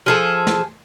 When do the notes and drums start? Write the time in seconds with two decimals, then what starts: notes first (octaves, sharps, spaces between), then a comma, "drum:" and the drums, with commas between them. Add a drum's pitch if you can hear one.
0.06 F3 G#4 A4
0.47 drum: snare